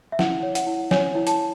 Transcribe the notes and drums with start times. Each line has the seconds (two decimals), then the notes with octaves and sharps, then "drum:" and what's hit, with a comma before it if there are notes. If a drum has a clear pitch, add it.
0.12 E5
0.19 E4 F#5, drum: snare
0.43 C#5
0.55 F#5, drum: hi-hat
0.67 E4
0.91 C#5 G#5, drum: snare
1.15 E4
1.27 A5, drum: hi-hat